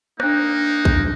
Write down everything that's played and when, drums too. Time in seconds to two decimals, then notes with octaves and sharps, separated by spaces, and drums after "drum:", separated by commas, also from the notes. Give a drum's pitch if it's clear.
0.20 A#3 D4 D#4 F#6, drum: rim click
0.85 drum: kick A#1